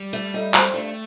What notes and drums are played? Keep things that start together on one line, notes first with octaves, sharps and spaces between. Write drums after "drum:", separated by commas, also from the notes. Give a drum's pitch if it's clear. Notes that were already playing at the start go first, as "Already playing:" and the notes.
Already playing: G3
A3
D#4
C4, drum: clap
G2 A3